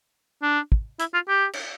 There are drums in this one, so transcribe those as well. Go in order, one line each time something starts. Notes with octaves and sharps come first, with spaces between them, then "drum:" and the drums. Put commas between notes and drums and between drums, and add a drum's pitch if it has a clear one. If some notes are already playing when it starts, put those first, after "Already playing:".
D4
drum: kick
E4, drum: hi-hat
F4
G4
drum: cymbal